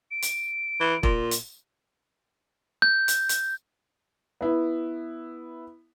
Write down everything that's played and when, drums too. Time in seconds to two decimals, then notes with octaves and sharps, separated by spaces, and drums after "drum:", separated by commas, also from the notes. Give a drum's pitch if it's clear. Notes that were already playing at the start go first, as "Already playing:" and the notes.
0.11 D7
0.22 drum: hi-hat
0.80 E3
1.03 A#2, drum: kick E1
1.31 drum: hi-hat
2.82 G6
3.08 drum: hi-hat
3.29 drum: hi-hat
4.41 B3 E4